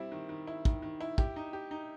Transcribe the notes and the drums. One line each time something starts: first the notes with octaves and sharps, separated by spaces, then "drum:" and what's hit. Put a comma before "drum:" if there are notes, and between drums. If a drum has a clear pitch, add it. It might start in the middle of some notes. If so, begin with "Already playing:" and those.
Already playing: G3 C4 E4
D#3
D#3
E4
D#3, drum: kick
D#3
E4
G4, drum: kick
D#4
G4
D#4